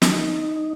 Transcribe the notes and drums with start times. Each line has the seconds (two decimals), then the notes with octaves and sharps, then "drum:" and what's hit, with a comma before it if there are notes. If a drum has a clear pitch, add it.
0.02 D#4, drum: snare